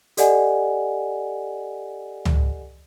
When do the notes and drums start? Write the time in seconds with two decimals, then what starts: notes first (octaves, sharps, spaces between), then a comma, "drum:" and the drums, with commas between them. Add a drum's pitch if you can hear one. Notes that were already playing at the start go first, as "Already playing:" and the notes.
0.17 G4 A4 D5 D#5 F#5 G#5, drum: hi-hat
2.25 drum: tom C#2